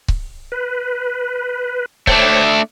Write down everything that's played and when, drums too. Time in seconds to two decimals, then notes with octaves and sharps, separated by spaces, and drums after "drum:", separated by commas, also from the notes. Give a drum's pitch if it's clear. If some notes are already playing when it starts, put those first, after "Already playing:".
0.08 drum: kick C#1
0.52 B4
2.07 A3 D4 C5 C#5 G5, drum: kick C#1